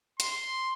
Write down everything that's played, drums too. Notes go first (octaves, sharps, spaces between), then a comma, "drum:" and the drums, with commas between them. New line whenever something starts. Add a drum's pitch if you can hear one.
C6, drum: hi-hat